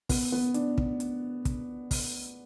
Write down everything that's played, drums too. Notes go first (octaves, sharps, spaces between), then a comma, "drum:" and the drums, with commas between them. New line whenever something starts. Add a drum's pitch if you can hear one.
B3, drum: kick, open hi-hat
B3
D4, drum: hi-hat
D4, drum: kick
drum: hi-hat
drum: kick, hi-hat
drum: kick, open hi-hat